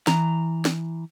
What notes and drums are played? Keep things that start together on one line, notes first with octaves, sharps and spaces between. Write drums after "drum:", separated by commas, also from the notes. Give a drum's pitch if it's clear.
E3 A#5, drum: snare
drum: snare